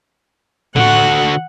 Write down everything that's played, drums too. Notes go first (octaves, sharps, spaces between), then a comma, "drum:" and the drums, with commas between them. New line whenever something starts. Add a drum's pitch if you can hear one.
D3 F#4 F#5, drum: tom A2